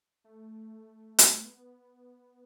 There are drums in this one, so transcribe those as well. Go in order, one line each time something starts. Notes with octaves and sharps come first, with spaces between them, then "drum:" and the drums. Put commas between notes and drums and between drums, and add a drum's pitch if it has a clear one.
A3
drum: hi-hat
B3